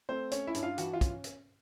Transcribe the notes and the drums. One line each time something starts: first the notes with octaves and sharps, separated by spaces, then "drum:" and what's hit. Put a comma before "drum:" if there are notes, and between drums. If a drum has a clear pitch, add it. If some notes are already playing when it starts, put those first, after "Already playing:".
A3 C4 C5
C#4 C#5, drum: hi-hat
E4 E5
G2, drum: hi-hat
F4 F5
E3 F#4 F#5, drum: hi-hat
F4 F5
C#4, drum: kick, hi-hat
drum: hi-hat